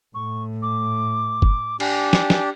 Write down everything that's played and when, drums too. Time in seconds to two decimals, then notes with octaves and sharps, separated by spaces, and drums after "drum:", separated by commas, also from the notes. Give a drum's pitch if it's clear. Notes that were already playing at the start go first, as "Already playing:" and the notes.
0.15 A2 C#6
0.62 D6
1.42 drum: kick F#1
1.80 D4 G4 G#5, drum: cymbal
2.13 drum: snare
2.30 drum: snare